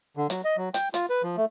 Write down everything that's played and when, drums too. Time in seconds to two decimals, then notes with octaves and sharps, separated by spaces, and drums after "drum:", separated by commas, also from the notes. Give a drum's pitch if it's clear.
0.17 D3
0.30 F#3, drum: hi-hat
0.44 D#5
0.57 F#3
0.74 G5, drum: hi-hat
0.94 F4, drum: hi-hat
1.10 B4
1.23 F3
1.37 A3